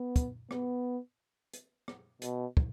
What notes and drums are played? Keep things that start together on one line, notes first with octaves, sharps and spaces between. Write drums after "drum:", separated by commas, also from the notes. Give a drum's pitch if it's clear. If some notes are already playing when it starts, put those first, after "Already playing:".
Already playing: B3
drum: kick, hi-hat
B3, drum: rim click
drum: hi-hat
drum: rim click
B2, drum: hi-hat
drum: kick